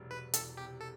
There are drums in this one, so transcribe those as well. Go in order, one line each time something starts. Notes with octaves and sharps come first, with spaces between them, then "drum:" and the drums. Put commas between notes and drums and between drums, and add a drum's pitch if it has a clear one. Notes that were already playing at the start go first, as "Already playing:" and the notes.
Already playing: E1 C3 F#3
E1 B4
E2 A4, drum: hi-hat
C3 G4
A4